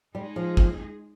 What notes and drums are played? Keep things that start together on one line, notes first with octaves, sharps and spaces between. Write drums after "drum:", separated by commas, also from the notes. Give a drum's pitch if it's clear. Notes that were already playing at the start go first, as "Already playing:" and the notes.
G3 G#3 D#4 G#4
F3
drum: kick